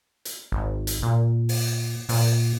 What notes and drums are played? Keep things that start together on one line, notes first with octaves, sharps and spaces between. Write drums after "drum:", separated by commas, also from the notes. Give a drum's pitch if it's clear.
drum: hi-hat
G#1
drum: hi-hat
A#2
drum: open hi-hat
A#2, drum: open hi-hat